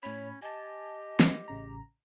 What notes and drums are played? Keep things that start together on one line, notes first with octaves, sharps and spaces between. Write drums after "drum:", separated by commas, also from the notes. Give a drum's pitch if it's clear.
A2 C#4 C#5 B5
G4 D#5 G#5 A5
drum: snare
A1 C#3 A#5